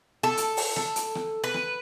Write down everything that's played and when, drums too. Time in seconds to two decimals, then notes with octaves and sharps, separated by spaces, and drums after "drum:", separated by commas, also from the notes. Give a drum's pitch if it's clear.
0.23 A4
0.37 drum: hi-hat
0.57 drum: open hi-hat
0.76 A4, drum: rim click
0.96 drum: hi-hat
1.15 drum: rim click
1.44 B4
1.54 drum: rim click